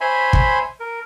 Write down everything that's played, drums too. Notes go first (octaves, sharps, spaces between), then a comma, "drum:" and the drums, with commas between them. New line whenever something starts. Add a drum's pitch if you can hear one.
C5 C#5 E5 G#5 B5 C6
drum: kick
A#4